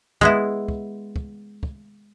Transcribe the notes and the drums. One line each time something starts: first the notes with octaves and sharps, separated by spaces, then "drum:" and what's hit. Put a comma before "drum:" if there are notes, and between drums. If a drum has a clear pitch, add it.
G#3 B3 E4, drum: kick
drum: kick
drum: kick
drum: kick